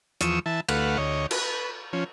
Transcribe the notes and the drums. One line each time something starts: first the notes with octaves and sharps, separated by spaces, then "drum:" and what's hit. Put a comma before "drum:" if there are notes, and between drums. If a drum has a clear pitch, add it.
E2 F3 C#6 D#6 E6, drum: hi-hat
E3 E5 A5
D2 A3 B4 F5 F#5, drum: cymbal
D2 C#5 D#5
B4, drum: cymbal
F3 C#4